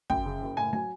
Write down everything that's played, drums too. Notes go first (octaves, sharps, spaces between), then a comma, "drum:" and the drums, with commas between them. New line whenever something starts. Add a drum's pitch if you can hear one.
F#2 G5, drum: kick
C#3
F#1
A2 G#5
F#3 G#5